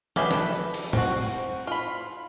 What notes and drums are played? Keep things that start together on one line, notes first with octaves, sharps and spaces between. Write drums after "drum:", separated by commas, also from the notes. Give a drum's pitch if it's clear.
F#3 G4 G#4 B4 E5, drum: snare
A4 B4, drum: snare
drum: cymbal
C4 F#4, drum: tom
F4 B5